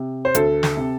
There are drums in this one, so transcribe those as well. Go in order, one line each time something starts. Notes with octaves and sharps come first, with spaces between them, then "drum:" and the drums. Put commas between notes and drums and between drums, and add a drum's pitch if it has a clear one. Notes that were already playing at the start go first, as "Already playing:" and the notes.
Already playing: C3
C5
D2 A4, drum: hi-hat
drum: snare
C3